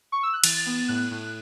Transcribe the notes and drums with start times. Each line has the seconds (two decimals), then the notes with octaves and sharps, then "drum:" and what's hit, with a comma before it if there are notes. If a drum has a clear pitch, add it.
0.12 C#6
0.23 E6
0.33 F#6
0.44 E3 A6, drum: cymbal
0.66 B3
0.88 A2 F#6
1.11 A2